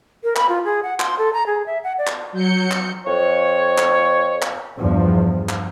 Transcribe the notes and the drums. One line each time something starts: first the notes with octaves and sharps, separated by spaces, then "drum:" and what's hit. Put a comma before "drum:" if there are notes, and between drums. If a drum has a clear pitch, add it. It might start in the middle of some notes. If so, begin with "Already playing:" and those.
A#4
B5, drum: clap
F4
G#4
F#5
C6, drum: clap
A4
A#5
G#4
E5
F#5
D5
drum: clap
F#3 G6 C#7
drum: clap
F2 C#5
drum: clap
drum: clap
E2 G2 F3
drum: clap